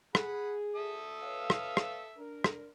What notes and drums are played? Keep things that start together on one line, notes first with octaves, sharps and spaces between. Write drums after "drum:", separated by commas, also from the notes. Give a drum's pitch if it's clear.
G#4 F#5 B5, drum: rim click
A4 E5 D#6
B4 C#5 F5
drum: rim click
drum: rim click
D4 A#4
drum: rim click